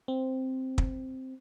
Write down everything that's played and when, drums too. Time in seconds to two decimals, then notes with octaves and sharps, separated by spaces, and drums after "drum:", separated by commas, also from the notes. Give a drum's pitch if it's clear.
0.08 C4
0.78 drum: kick